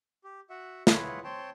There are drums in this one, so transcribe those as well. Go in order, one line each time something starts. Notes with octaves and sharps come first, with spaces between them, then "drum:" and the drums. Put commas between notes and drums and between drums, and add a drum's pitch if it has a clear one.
G4
F#4 E5 F#5
E4 F4 G#4 B4 C#5 F#5, drum: snare
C4 C#5 G5 A5 C6